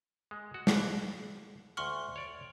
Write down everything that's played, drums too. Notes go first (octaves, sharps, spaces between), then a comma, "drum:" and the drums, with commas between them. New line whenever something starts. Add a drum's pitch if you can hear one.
G#3
F#4
drum: snare
D2 F#5 C6 C#6 F6
C#5 D5